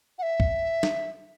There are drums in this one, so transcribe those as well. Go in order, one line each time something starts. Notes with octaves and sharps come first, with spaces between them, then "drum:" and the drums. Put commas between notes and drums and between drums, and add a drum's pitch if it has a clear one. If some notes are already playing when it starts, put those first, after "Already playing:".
F#5
E5
drum: kick
drum: snare